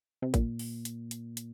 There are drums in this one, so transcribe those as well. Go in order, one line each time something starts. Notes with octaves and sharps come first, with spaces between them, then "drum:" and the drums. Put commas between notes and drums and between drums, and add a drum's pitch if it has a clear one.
C3
A#2, drum: kick A1, hi-hat
drum: open hi-hat
drum: hi-hat
drum: hi-hat
drum: hi-hat